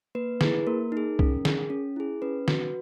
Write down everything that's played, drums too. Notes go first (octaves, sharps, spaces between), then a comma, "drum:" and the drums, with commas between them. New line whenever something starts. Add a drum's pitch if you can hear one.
A#3 B4
E4 G#4 B4, drum: snare
A#3 A#4
D#4 G#4
C#4, drum: kick
G#4, drum: snare
C#4
E4 G#4
C#4 B4
F#4, drum: snare